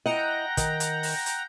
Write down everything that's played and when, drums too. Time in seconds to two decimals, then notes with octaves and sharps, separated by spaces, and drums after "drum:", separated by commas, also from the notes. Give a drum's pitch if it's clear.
0.06 E4 D#5 F#5 G5 A#5
0.57 D#3, drum: kick, hi-hat
0.80 drum: hi-hat
1.03 drum: open hi-hat
1.26 drum: hi-hat